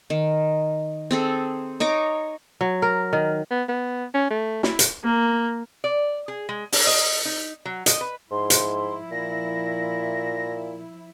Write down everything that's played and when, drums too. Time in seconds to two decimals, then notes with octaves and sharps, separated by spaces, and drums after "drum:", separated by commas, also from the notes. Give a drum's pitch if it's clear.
0.10 D#3
1.11 C4 G#4 A4
1.80 D#4 C#5 A#5 D6
2.61 F#3
2.82 A#4
3.13 D#3
3.51 B3
3.69 B3
4.14 C#4
4.30 A3
4.63 E4, drum: snare
4.79 drum: hi-hat
5.04 A#3
5.84 D5
6.28 G#4
6.49 G#3
6.72 D4, drum: open hi-hat
6.87 D#5
7.25 D#4
7.65 F#3
7.86 D#5, drum: hi-hat
8.01 B4
8.31 G#2 F3 E4 C6
8.50 drum: hi-hat
9.11 A#2 A#6